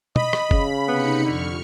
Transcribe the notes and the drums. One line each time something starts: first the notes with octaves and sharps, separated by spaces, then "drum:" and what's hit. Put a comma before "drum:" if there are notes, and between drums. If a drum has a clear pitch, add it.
D#5 B5, drum: tom
drum: rim click
C#3, drum: kick
C3 B3 D#4 C#7
F2 D3 C#6 F6